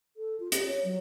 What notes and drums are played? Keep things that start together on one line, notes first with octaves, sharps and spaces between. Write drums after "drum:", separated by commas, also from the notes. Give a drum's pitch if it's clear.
A4
F4
G4, drum: hi-hat
C#5
F#3